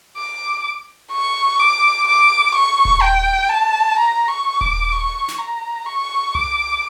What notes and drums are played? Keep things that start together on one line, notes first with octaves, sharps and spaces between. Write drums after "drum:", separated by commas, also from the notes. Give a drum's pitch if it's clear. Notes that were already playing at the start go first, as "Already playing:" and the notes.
D6
C#6
D6
D6
C#6
drum: kick D#1
G5
A5
A#5
C#6
D6, drum: kick D#1
C#6
drum: snare
A#5
C#6
D6, drum: tom C2